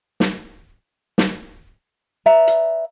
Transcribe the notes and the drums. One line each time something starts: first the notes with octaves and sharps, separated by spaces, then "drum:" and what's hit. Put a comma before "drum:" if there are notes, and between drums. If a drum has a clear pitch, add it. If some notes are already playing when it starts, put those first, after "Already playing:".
drum: snare
drum: snare
B4 D5 E5 A#5
drum: hi-hat